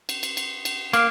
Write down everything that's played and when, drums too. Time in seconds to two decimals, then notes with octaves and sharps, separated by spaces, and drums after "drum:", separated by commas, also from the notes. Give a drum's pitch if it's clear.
0.09 drum: cymbal
0.23 drum: cymbal
0.37 drum: cymbal
0.65 drum: cymbal
0.93 A#3 F5, drum: cymbal